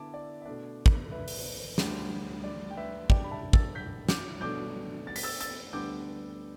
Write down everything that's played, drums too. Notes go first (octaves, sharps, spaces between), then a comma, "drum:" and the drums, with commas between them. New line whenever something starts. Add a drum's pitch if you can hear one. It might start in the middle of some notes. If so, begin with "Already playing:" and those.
Already playing: D3 B3 E4 A5 D6
D5
E5
B2 A3 D4 D5
drum: kick
B4 E5
drum: open hi-hat
D2 D3 G3, drum: snare
D5
G5
B4 E5
G2 G3 D4 D5 G5, drum: kick
B5
E5 A5
E6 A6, drum: kick
G6 B6
D6 G6, drum: snare
B2 A3 D4 D6 G6
A6
B6, drum: open hi-hat
E6 A6
E6 A6, drum: hi-hat
D2 D3 G3 B3 D4 D6 G6